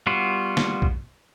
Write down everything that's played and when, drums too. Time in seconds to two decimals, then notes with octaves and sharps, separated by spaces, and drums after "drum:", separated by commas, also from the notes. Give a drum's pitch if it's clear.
0.07 G3 B3 F4 F#4
0.57 drum: snare
0.82 drum: kick B1